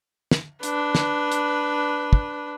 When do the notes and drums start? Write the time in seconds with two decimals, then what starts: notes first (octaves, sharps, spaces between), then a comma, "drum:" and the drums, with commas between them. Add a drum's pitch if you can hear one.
0.31 drum: snare
0.63 D4 B4, drum: hi-hat
0.95 drum: snare
1.32 drum: hi-hat
2.13 drum: kick